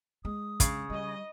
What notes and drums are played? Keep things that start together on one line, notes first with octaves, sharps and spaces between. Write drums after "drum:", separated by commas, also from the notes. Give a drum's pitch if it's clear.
G#3 D#6
C#3, drum: kick, hi-hat
G3 D#5